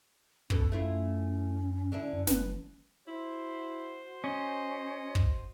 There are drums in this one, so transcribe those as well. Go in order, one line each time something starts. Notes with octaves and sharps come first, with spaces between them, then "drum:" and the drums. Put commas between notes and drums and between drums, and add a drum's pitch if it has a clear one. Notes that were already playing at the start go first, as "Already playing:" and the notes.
F#2 B2 C#4 A4, drum: kick
A3 C#4 E4 F4
D3 D4 E4
F#2
F#1 B4, drum: snare
E4 F#4 C5
C#4 D#5
drum: kick